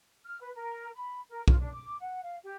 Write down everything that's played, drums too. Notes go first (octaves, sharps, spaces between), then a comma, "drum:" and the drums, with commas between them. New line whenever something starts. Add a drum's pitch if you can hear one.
F6
B4
A#4
B5
A#4
F4, drum: kick
D4
D6
F#5
F5
G4